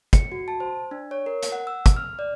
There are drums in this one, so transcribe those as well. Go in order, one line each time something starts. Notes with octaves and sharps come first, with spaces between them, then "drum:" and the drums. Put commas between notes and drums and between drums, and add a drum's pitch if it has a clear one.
C#7, drum: kick, hi-hat
F#4
A5
C5
D4
C#5
A#4
drum: hi-hat
F#5
E6
drum: kick, hi-hat
F6
D5